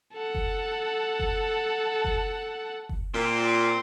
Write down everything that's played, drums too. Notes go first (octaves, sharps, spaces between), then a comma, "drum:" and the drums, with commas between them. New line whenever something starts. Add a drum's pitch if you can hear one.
A4 F#5
drum: kick F#1
drum: kick F#1
drum: kick F#1
drum: kick F#1
A#2 C4